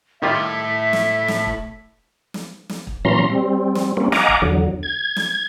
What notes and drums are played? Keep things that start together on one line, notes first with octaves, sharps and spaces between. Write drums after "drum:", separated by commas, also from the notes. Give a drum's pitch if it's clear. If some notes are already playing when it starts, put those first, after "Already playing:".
A2 D#3 G3 E4 F4 E5 B6
drum: snare
drum: snare
drum: kick
drum: snare
drum: snare
drum: kick
A#2 E3 F#3 C#4 A#5 C6
G3 C4
drum: snare
G3 A#3 C4 C#4
D#5 F5 F#5 G#5 A#5 D6, drum: snare
drum: kick
E2 D3 F#3
G#6
drum: snare